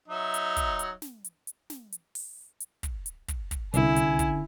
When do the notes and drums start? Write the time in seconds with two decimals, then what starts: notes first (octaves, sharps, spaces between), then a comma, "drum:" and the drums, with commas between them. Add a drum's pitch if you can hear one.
0.08 F#3 D#4 E5
0.34 drum: hi-hat
0.57 drum: kick, hi-hat
0.79 drum: hi-hat
1.02 drum: snare
1.24 drum: hi-hat
1.47 drum: hi-hat
1.70 drum: snare
1.92 drum: hi-hat
2.15 drum: open hi-hat
2.60 drum: hi-hat
2.83 drum: kick, hi-hat
3.06 drum: hi-hat
3.28 drum: kick, hi-hat
3.51 drum: kick, hi-hat
3.74 C2 D3 C#4 E4 G#5, drum: hi-hat
3.96 drum: hi-hat
4.19 drum: kick, hi-hat